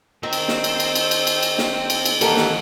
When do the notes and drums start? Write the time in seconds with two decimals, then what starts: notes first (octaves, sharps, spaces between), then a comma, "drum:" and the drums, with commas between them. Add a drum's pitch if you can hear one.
0.23 D#3 C4
0.33 drum: cymbal
0.48 drum: snare
0.64 drum: cymbal
0.80 drum: cymbal
0.95 drum: cymbal
1.11 drum: cymbal
1.27 drum: cymbal
1.43 drum: cymbal
1.58 drum: snare
1.90 drum: cymbal
2.05 drum: cymbal
2.21 D#2 G#2 E3 G4 A4 A#4, drum: cymbal
2.37 drum: snare